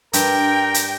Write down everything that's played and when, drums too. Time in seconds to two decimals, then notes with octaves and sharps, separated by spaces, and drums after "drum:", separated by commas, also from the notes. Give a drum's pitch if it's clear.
0.13 G2 A#4 G5, drum: hi-hat
0.74 drum: hi-hat